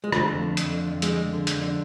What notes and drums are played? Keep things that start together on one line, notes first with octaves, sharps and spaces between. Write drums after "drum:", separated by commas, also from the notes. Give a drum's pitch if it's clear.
G#3
D3 A3, drum: rim click
F2
D3
F2, drum: hi-hat
D3
F2
D3 G#3, drum: hi-hat
F2
D3
F2, drum: hi-hat
D3